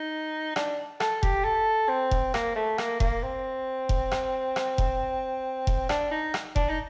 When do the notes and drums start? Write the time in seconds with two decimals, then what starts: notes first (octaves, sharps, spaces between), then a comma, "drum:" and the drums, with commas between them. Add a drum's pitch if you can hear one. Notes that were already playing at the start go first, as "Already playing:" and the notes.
Already playing: D#4
0.56 D4, drum: rim click
1.00 A4, drum: rim click
1.23 G4, drum: kick F1
1.45 A4
1.89 C4
2.11 drum: kick F1
2.34 A#3, drum: rim click
2.56 A3
2.78 A#3, drum: rim click
3.00 A#3, drum: kick F1
3.22 C4
3.89 drum: kick F1
4.11 drum: rim click
4.56 drum: rim click
4.78 drum: kick F1
5.67 drum: kick F1
5.89 D4, drum: rim click
6.11 D#4
6.34 drum: rim click
6.56 D4, drum: kick F1
6.70 D#4